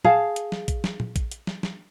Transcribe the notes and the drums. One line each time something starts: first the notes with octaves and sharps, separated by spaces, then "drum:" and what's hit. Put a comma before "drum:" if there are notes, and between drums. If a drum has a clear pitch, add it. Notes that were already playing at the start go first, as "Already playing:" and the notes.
G#4 F5 A5, drum: tom
drum: hi-hat
drum: snare
drum: kick A#1, hi-hat
drum: snare
drum: tom
drum: kick A#1, hi-hat
drum: hi-hat
drum: snare
drum: snare